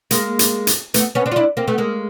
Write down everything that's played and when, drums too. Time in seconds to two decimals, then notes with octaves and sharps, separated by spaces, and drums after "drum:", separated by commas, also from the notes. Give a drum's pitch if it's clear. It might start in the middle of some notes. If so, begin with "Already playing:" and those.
0.11 G#3 A#3, drum: hi-hat
0.39 drum: hi-hat
0.67 drum: hi-hat
0.94 A3 B3, drum: hi-hat
1.15 B3 C#4
1.26 C4 D4
1.32 F4
1.36 D4 E4
1.57 A#3 C4
1.68 A3 B3
1.78 G#3 A#3